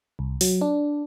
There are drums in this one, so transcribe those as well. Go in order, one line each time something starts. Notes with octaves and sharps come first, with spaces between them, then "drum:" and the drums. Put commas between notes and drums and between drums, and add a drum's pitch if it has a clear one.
C2
F#3, drum: open hi-hat
D4